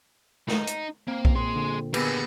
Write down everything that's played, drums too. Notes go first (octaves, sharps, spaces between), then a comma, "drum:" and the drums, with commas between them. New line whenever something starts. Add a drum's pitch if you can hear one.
D#4, drum: snare
drum: hi-hat
A#3 C4
drum: kick B1
A#2 G#4 C6
D3
B3 G4 G#4 A#4 B4, drum: cymbal